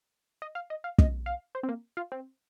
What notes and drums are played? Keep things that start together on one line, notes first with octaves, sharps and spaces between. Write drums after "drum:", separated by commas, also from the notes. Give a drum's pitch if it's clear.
D#5
F5
D#5
F5
D#5, drum: kick
F5
C5
C4
A#3
F4
C4